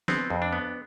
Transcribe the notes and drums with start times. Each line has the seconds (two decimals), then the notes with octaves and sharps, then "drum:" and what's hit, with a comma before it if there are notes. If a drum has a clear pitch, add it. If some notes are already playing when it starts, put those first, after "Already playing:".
0.08 B3 C4, drum: snare
0.30 F2
0.42 D4
0.53 B3